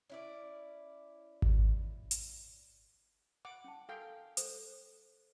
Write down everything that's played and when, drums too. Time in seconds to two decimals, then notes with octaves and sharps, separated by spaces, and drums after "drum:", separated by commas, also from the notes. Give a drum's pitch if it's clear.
0.10 C#4 E4 D5
1.42 drum: kick G#1
2.11 drum: hi-hat
3.45 F#5 D6
3.64 C#4 A5
3.89 A4 F5 G5 G#5
4.37 A4 C5 D#6, drum: hi-hat